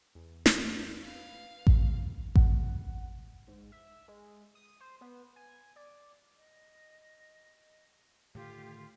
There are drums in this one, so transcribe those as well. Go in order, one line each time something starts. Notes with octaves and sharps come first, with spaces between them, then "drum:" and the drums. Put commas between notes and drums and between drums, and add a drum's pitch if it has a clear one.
E2
drum: snare
B4 F5 B6
drum: kick A1
F#5, drum: kick A1
G#2
E5
G#3
D#6
C5
B3
G#5
D5
D#5
A2 D3 D#3 F4 G4